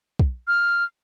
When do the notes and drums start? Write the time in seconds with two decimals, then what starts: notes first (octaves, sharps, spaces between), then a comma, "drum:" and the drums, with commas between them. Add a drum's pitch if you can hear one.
0.19 drum: kick
0.48 F6